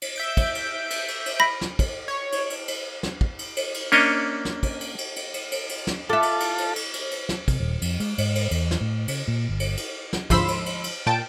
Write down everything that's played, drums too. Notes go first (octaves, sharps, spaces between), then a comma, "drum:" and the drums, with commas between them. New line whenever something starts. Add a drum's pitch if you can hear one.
drum: cymbal
E5 G6 D7
drum: kick, cymbal
drum: cymbal
drum: cymbal
drum: cymbal
drum: cymbal
B5 A#6 B6
drum: snare
drum: kick, cymbal
C#5
drum: cymbal
drum: cymbal
drum: cymbal
drum: snare
drum: kick
drum: cymbal
drum: cymbal
drum: cymbal
A#3 C#4 D4 C#5 D#5, drum: cymbal
drum: snare
drum: kick, cymbal
drum: cymbal
drum: cymbal
drum: cymbal
drum: cymbal
drum: cymbal
drum: cymbal
drum: snare
F4 A4 E5 A5 D6 F#6
drum: cymbal
drum: cymbal
drum: cymbal
drum: cymbal
drum: cymbal
drum: cymbal
drum: snare
C3, drum: kick, cymbal
D#1
F2, drum: cymbal
G#3, drum: cymbal
G#2, drum: cymbal
drum: cymbal
E2, drum: cymbal
drum: snare
A2
C#3, drum: cymbal
A#2
G1
drum: cymbal
drum: cymbal
drum: snare
D2 G#2 F3 B5 C6 E6, drum: kick, cymbal
drum: cymbal
drum: cymbal
drum: cymbal
A#2 G5 A5 D7